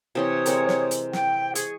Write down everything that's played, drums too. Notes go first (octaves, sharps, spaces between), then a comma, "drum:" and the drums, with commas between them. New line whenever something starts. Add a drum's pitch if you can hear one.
C3 E3 C4 C#5 D#6
G#3 C4 A#4, drum: hi-hat
drum: snare
drum: hi-hat
G5, drum: snare
G#4 C#6, drum: hi-hat